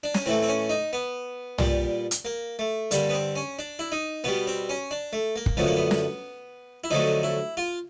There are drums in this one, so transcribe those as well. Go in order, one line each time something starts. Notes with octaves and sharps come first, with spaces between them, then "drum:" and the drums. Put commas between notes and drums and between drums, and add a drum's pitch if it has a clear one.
D4
C#4, drum: snare
A2 E3 A3 C4
C4
C#4
D#4
B3
A#2 G3, drum: tom
drum: hi-hat
A#3
A3
G2 D3 G3 A#3, drum: hi-hat
B3
C4
C#4
D4
E4
D#4
B2 G3 B3
C4
C#4
D4
A3
A#3
drum: kick
F#2 D3 F3 A3 B3
A#3
B3
drum: snare
E4
F2 D3 F#3 A3 D#4
E4
F4